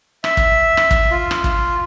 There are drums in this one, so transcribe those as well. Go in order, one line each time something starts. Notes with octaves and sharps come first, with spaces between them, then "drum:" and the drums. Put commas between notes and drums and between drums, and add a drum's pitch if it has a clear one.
E5, drum: rim click
drum: kick
drum: rim click
drum: kick
F4
drum: rim click
drum: kick